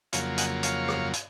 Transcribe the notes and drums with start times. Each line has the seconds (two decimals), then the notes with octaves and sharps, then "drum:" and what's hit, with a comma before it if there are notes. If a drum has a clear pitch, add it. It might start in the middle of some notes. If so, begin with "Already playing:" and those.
0.13 F2 C#3 F#3 A#3 C#5 F5, drum: hi-hat
0.38 D#5 F#5, drum: hi-hat
0.63 C#5 F5, drum: hi-hat
0.88 drum: rim click
1.13 drum: hi-hat